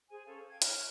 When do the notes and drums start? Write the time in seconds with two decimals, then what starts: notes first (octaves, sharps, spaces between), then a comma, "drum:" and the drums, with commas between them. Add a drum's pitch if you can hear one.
0.10 G#4 C5 G#5
0.26 C#4 A4 C5 F5
0.49 F5 G5 G#6
0.62 C#5 F6 F#6, drum: hi-hat